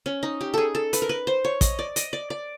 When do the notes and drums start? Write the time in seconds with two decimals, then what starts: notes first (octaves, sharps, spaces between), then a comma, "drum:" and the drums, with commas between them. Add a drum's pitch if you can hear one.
0.06 C#4
0.23 D#4
0.41 G4
0.54 G#4 A4
0.75 A4
0.93 B4, drum: hi-hat
1.02 A#4
1.09 B4
1.27 C5
1.45 C#5
1.61 D#5, drum: kick, hi-hat
1.79 D5
1.96 D#5, drum: hi-hat
2.13 D5
2.30 D5